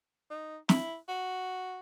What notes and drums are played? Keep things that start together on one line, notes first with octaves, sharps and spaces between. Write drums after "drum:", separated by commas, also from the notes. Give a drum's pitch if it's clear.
D#4
E4, drum: snare
F#4